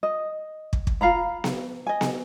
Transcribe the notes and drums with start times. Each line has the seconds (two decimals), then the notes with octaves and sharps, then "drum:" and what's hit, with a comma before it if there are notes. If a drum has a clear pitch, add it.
0.03 D#5
0.73 drum: kick
0.87 drum: kick
1.01 F4 F5 A#5 B5
1.44 drum: snare B3
1.87 D#5 G#5
2.01 drum: snare B3